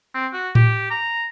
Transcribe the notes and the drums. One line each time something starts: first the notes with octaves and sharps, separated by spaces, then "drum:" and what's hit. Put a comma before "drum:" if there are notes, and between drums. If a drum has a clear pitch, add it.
C4
F#4
G4, drum: tom A2
A#5